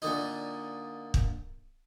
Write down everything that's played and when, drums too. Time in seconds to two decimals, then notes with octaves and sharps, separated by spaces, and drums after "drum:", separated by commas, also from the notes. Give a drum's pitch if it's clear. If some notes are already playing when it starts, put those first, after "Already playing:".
0.02 A#2 D3 D#4
1.14 drum: kick